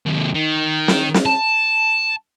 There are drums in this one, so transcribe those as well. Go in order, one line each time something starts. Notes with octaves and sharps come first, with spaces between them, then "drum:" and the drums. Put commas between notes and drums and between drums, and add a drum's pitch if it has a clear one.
D#2 C3
D#3
drum: snare
drum: snare
A5